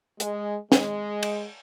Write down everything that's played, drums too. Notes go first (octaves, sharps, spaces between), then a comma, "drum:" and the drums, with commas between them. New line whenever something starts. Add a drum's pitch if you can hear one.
G#3, drum: hi-hat
G#3, drum: snare
drum: cymbal